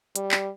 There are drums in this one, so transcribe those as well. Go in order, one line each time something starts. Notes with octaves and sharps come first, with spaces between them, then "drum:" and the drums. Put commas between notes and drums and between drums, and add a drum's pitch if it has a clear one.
G3, drum: hi-hat
drum: clap